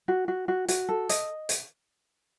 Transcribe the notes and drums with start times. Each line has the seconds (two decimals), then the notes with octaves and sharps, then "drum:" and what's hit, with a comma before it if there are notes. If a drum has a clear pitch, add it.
0.08 F#4
0.28 F#4
0.48 F#4
0.68 F#4, drum: hi-hat
0.89 A4
1.09 D#5, drum: hi-hat
1.49 drum: hi-hat